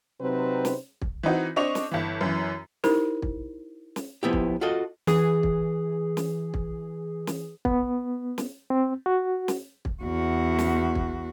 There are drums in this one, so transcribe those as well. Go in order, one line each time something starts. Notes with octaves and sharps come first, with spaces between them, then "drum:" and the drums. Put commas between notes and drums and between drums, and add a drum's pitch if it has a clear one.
C3 F#3 C4 D#4 B4 C5
drum: snare
drum: kick
E3 C4 D#4 F#4
C4 D4 D#5 C#6 F7
drum: snare
G1 E3
F#2 E3
D#4 E4 G4 A#4 C5, drum: snare
drum: kick
drum: snare
F3 B3 E4 G4
drum: kick
F4 F#4 A4 D#5
E3 G#4, drum: snare
drum: kick
drum: snare
drum: kick
drum: snare
B3, drum: kick
drum: snare
C4
F#4
drum: snare
drum: kick
E2 F#4
drum: snare
drum: kick